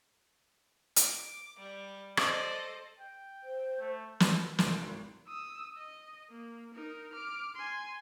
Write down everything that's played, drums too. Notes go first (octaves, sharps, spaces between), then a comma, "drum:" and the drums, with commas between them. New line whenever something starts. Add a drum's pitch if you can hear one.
D6, drum: hi-hat
G3
A4 C5 D5 D#5, drum: rim click
G5
C5
A3
B5, drum: snare
C2 C6 D7, drum: snare
G#1
D#6 E6
D#5
A#3
D#4 A#4
D6 F6
G#5 C6